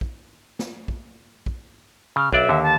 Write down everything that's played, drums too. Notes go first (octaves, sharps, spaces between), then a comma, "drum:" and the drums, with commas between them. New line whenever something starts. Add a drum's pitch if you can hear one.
drum: kick
drum: snare
drum: kick
drum: kick
C#3 F6
B1 D4 D5 E5, drum: kick
D#2 D3
A5